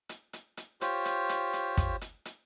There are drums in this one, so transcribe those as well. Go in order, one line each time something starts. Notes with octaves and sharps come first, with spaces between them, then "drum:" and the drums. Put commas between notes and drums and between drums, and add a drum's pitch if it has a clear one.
drum: hi-hat
drum: hi-hat
drum: hi-hat
F4 G4 C5 C#5, drum: hi-hat
drum: hi-hat
drum: hi-hat
drum: hi-hat
drum: kick, hi-hat
drum: hi-hat
drum: hi-hat